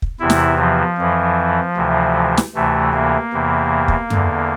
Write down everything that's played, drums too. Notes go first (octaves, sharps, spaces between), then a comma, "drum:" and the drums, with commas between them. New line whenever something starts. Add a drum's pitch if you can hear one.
drum: kick
E2 C3 E3 E4
drum: snare
F3
F2 E3
D2 C3 E3
drum: snare
D2 C3 E3 A3
A#3
E2 C3 E3
drum: kick
E2 D3, drum: tom F#2